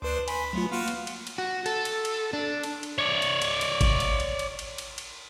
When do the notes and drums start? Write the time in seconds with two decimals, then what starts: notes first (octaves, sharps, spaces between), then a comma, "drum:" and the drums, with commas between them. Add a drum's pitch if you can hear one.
0.02 D2 D4 B4 C5
0.28 G#5 B5 C6, drum: cymbal
0.53 F#3 A3 B3 F4
0.71 A#3 F4 F#4 F5
0.88 drum: cymbal
1.07 drum: cymbal
1.27 drum: cymbal
1.38 F#4
1.66 A4, drum: cymbal
1.85 drum: cymbal
2.05 drum: cymbal
2.33 D4
2.63 drum: cymbal
2.83 drum: cymbal
2.98 C#5 D5
3.22 drum: cymbal
3.42 drum: cymbal
3.61 drum: cymbal
3.81 drum: kick G#1, cymbal
4.00 drum: cymbal
4.20 drum: cymbal
4.39 drum: cymbal
4.59 drum: cymbal
4.78 drum: cymbal
4.98 drum: cymbal